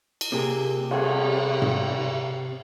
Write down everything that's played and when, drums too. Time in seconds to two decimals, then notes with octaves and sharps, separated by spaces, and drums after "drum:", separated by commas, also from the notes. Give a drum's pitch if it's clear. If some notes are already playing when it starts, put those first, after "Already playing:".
0.21 drum: cymbal
0.32 C3 A#3 G4 G#4
0.91 G3 G#4 A4, drum: cymbal
1.62 drum: tom G#2